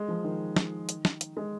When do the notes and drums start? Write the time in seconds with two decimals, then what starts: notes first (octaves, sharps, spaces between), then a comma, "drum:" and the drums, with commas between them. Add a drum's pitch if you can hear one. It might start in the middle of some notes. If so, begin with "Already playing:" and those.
Already playing: G#3
0.08 F3
0.24 D#3
0.56 drum: snare
0.89 drum: hi-hat
1.05 drum: snare
1.21 drum: hi-hat
1.37 G#3